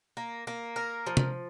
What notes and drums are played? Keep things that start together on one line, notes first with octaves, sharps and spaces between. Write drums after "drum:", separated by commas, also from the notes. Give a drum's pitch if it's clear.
A#3
A#3
A#4
F3
drum: tom C3